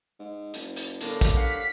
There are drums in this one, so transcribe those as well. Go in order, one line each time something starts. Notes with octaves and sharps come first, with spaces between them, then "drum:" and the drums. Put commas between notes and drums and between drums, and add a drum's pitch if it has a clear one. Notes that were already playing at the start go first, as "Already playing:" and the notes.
G#2
F#1, drum: hi-hat
drum: hi-hat
G1 A2 A#3 D4, drum: hi-hat
drum: kick, hi-hat
G2 F5 F#5 B6